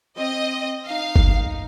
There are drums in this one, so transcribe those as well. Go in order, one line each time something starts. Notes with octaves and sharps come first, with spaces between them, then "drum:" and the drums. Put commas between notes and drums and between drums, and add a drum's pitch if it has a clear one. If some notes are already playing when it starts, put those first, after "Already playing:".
C4 D#5
D#4 F5
drum: kick